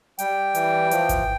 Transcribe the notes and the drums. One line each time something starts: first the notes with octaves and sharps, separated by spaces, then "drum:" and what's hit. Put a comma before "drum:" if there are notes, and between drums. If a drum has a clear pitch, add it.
G3 G5, drum: hi-hat
E3, drum: hi-hat
F3, drum: hi-hat
drum: kick G#1, hi-hat